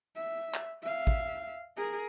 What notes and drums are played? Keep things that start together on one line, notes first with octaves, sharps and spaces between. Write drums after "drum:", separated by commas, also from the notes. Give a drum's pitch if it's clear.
E5
drum: clap
E5 F5
drum: kick
G#4 A#4